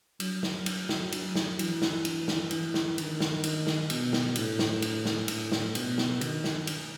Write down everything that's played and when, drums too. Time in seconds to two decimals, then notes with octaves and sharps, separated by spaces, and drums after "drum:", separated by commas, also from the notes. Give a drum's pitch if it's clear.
0.20 F#3, drum: cymbal
0.43 drum: snare
0.66 drum: cymbal
0.89 drum: snare
1.12 drum: cymbal
1.35 drum: snare
1.59 E3, drum: cymbal
1.82 drum: snare
2.05 drum: cymbal
2.28 drum: snare
2.51 E3, drum: cymbal
2.74 drum: snare
2.98 D#3, drum: cymbal
3.20 drum: snare
3.44 drum: cymbal
3.67 drum: snare
3.90 B2, drum: cymbal
4.13 drum: snare
4.36 A2, drum: cymbal
4.59 drum: snare
4.82 drum: cymbal
5.05 drum: snare
5.28 A2, drum: cymbal
5.52 drum: snare
5.75 B2, drum: cymbal
5.98 drum: snare
6.21 D#3, drum: cymbal
6.44 drum: snare
6.67 drum: cymbal